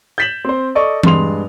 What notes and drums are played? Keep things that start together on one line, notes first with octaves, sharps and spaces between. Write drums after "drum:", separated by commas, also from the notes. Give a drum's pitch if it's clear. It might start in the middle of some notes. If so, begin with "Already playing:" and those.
G6 A6 B6 E7 F#7
C4 C5
A4 D5 D#5 C#6
G2 G#3 C6 F7, drum: tom E3